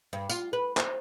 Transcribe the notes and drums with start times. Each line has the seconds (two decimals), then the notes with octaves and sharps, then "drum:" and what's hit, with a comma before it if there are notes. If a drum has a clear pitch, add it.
0.13 G2
0.29 F4, drum: tambourine
0.53 B4
0.77 C5, drum: clap